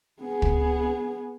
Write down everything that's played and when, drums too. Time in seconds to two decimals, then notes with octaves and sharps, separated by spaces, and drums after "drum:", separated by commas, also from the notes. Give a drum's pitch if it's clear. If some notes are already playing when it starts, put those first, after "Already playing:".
0.21 B3 G#4
0.42 drum: kick